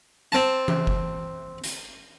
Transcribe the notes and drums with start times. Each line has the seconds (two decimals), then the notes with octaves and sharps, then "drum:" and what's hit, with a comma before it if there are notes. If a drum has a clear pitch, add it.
0.32 C4 A5
0.68 drum: tom E3
0.87 drum: kick F#1
1.64 drum: hi-hat